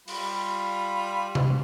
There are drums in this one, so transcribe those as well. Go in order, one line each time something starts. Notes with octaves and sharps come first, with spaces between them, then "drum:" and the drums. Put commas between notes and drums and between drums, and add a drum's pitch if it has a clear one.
G3 F4 B5, drum: open hi-hat
drum: tom C3